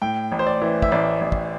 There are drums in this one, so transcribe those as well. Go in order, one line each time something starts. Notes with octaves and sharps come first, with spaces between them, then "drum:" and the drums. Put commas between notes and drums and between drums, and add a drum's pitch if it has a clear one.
A2 G5
A1
C5
D5
E3
E5, drum: kick
A1 D5
A1
drum: kick